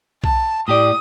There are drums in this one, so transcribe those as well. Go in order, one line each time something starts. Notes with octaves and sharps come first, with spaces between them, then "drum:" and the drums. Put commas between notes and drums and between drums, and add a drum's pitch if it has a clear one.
A5, drum: kick B1
A2 G4 D5 D#6